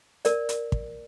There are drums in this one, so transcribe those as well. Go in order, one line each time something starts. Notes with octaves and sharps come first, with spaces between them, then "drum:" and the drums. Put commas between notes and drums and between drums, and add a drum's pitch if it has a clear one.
A#4 D5, drum: hi-hat
drum: hi-hat
drum: kick